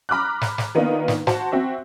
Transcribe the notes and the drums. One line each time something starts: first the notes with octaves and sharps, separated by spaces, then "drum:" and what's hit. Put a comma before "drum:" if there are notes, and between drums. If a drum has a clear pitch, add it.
A#5 B5 D6 F6 F#6
drum: snare
drum: snare
D#3 A#3 B3 D4 D#4 F4
drum: snare
F#4 C5 F#5 A5, drum: snare
C4 F#4 E5